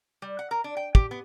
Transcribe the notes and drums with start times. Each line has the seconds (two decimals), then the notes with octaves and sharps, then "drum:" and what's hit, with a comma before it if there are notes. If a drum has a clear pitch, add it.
0.22 G3
0.39 F#5
0.51 A#4
0.64 D4
0.77 G5
0.95 G4, drum: kick
1.11 B3